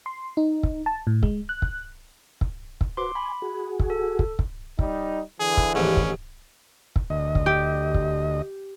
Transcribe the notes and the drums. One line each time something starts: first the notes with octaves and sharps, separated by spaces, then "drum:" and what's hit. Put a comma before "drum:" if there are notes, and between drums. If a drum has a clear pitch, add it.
C6
D#4
drum: kick
A5
A2
G#3, drum: kick
F#6
drum: kick
drum: kick
drum: kick
F#4 B4 C5 C6 D6
G#5 B5
F#4 G#4
drum: kick
A4
drum: kick
drum: kick
G3 D#4, drum: kick
D3 E3 G#4
drum: kick
A1 D#2 G#2 C#4
drum: kick
drum: kick
D2 D#5
drum: kick
G4
drum: kick